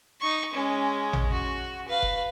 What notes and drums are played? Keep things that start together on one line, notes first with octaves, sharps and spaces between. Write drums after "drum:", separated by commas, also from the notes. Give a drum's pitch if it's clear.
D#4 C#6
G#3 C#4
drum: tom A1
F#4
B4 F5
drum: kick F1